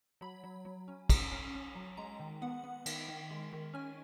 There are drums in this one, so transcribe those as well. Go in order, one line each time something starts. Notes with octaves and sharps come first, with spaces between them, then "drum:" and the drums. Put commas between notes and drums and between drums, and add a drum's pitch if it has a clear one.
F#3 B5
F#3
F#3
C#4
C#4 A#5, drum: kick, cymbal
C#4
C#4
F#3
G#3 A#5
D#3
B3 F#5
B3
D#3, drum: cymbal
D#3
G#3
D#3
C#4 G#5